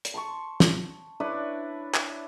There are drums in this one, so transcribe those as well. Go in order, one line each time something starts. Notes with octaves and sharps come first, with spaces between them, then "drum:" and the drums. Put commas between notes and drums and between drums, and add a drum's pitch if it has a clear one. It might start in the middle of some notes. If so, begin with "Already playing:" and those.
drum: hi-hat
A5 C6 C#6
drum: snare
D4 E4 B4 C#5
drum: clap